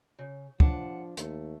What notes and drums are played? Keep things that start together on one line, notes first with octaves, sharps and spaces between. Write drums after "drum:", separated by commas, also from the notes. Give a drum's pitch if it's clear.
C#3
D#2 F3 D4 F#5, drum: kick
D#2 A3 D#4, drum: hi-hat